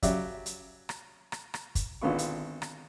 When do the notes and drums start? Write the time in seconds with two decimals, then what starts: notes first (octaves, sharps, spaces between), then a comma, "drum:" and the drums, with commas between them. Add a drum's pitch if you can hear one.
0.03 C#3 F#3 G4 D5 E5, drum: kick, hi-hat
0.46 drum: hi-hat
0.89 drum: rim click
1.32 drum: rim click
1.54 drum: rim click
1.75 drum: kick, hi-hat
2.01 G#1 D3 B3 F4 C#6
2.18 drum: hi-hat
2.62 drum: rim click